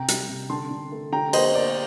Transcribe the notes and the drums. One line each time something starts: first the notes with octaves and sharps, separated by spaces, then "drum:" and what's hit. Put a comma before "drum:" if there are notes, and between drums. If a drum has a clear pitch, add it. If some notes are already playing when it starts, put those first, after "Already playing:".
Already playing: C3 G5 A#5
G3, drum: hi-hat
C3
D3 A5 C6
D3
A3
D3 G5 A#5
A#3 C5 D#5, drum: cymbal
A#3 D5